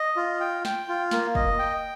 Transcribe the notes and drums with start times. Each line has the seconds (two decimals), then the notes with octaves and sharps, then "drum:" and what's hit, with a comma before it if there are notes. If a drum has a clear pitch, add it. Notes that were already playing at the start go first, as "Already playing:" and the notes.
Already playing: D#5
0.17 F4
0.40 G5
0.65 G5, drum: snare
0.89 F4
1.11 A#3, drum: snare
1.35 D#5, drum: kick
1.59 G5